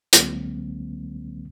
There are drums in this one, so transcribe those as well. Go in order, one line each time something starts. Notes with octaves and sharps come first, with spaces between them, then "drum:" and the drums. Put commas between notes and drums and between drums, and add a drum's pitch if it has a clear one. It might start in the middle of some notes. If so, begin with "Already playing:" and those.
C#2 D3 F#3 G#3 A#3 C4, drum: hi-hat